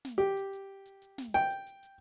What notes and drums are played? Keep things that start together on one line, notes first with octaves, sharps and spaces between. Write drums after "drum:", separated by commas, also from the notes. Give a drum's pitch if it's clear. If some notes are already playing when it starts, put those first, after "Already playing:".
drum: snare
G4
drum: hi-hat
drum: hi-hat
drum: hi-hat
drum: hi-hat
drum: snare
G5, drum: hi-hat
drum: hi-hat
drum: hi-hat
drum: hi-hat